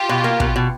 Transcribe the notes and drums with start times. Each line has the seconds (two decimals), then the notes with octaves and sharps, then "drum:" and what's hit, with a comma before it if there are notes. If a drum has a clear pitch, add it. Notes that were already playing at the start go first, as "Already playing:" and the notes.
Already playing: F4 G4
0.09 B2
0.24 A#3
0.40 B2, drum: kick
0.56 B2